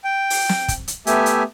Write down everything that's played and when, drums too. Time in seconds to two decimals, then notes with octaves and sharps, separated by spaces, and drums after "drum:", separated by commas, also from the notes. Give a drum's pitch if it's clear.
0.04 G5
0.30 drum: open hi-hat
0.49 drum: snare
0.68 drum: kick, hi-hat
0.88 drum: hi-hat
1.07 A3 B3 G4 E5 G#5, drum: hi-hat
1.26 drum: hi-hat